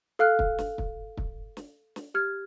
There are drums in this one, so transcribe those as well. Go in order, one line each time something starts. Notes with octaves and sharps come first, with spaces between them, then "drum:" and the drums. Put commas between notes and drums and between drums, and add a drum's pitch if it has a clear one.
A4 F5 F6 F#6
drum: kick
drum: snare
drum: kick
drum: kick
drum: snare
drum: snare
G4 F6 G#6